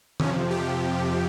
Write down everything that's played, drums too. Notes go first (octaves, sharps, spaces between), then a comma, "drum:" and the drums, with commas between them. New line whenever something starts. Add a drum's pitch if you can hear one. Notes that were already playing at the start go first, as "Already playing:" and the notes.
F2 C3 F3 C#4, drum: tom
G4